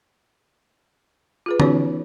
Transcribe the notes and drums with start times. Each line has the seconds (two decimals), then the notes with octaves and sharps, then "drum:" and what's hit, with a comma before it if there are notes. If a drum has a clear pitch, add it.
1.46 F4 G#4 B4
1.60 E3 B3 C#4 D#4 F#4 C#5, drum: tom D3